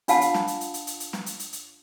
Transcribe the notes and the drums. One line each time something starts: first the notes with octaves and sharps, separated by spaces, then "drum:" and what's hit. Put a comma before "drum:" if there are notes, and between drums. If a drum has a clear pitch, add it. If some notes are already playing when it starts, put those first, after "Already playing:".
D4 F4 F5 F#5 A5, drum: hi-hat
drum: hi-hat
drum: snare
drum: hi-hat
drum: hi-hat
drum: hi-hat
drum: hi-hat
drum: hi-hat
drum: snare
drum: hi-hat
drum: hi-hat
drum: hi-hat